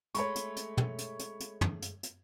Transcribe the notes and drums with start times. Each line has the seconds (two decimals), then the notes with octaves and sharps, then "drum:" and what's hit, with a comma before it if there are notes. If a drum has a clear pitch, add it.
0.15 G#3 A3 C#5 B5 C#6, drum: hi-hat
0.35 drum: hi-hat
0.56 drum: hi-hat
0.77 drum: tom
0.98 drum: hi-hat
1.19 drum: hi-hat
1.40 drum: hi-hat
1.61 drum: tom
1.82 drum: hi-hat
2.03 drum: hi-hat